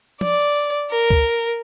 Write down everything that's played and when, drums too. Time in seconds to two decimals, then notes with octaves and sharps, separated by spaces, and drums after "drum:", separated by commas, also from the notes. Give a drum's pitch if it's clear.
0.21 D5, drum: tom F3
0.91 A#4
1.10 drum: kick C#2